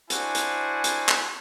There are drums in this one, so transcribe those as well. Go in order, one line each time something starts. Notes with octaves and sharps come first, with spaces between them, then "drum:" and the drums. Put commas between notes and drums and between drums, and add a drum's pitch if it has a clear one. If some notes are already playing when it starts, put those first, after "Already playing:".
D4 E4 F#4 C5 G#5, drum: hi-hat
drum: hi-hat
drum: hi-hat
drum: clap